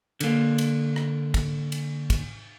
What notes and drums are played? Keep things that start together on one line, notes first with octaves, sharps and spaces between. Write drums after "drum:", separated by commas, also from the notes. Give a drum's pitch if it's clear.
D3 A#3, drum: cymbal
drum: cymbal
drum: rim click
drum: kick, cymbal
drum: cymbal
drum: kick, cymbal